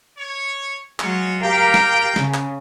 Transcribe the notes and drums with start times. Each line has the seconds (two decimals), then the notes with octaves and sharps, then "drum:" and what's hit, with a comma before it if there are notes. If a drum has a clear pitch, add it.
0.17 C#5
1.00 F#3 G#3 F4 F#4 C#5, drum: clap
1.42 G4 A#4 D5 F5 G5
1.74 drum: snare
2.16 C#3, drum: snare
2.34 drum: clap